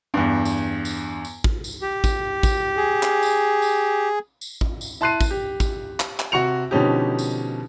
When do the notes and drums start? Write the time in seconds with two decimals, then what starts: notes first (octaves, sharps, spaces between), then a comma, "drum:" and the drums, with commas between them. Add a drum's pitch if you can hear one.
0.14 E2 G2
0.45 drum: tambourine
0.85 drum: tambourine
1.25 drum: tambourine
1.44 drum: kick
1.64 drum: tambourine
1.82 G4
2.04 drum: kick, tambourine
2.43 drum: kick, tambourine
2.76 G#4
3.03 drum: clap
3.23 drum: tambourine
3.62 drum: tambourine
4.41 drum: tambourine
4.61 drum: kick
4.81 drum: tambourine
5.01 E4 A5 C6 F#6 C7 D#7
5.21 drum: kick, tambourine
5.31 G4
5.60 drum: kick, tambourine
6.00 drum: clap
6.20 drum: clap
6.32 C3 F#4 C#6 C#7 F7
6.71 B2 D3 F3 C#4 D#4 G4
7.19 drum: tambourine